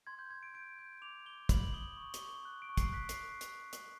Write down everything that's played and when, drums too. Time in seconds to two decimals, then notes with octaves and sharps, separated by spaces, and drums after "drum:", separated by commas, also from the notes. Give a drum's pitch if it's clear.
0.07 C6 G#6
0.19 G6
0.30 C6 G#6
0.43 D7
0.54 G6 D7
0.79 G6
1.02 D6 F7
1.26 D6 G7
1.49 B5 F#7, drum: kick, hi-hat
1.74 D#6 G7
1.97 C#6
2.14 G7, drum: hi-hat
2.22 C#6
2.29 G7
2.45 F#6
2.62 D7
2.69 C#6
2.77 C7, drum: kick, hi-hat
2.93 F#6 B6
3.09 C7, drum: hi-hat
3.41 drum: hi-hat
3.73 drum: hi-hat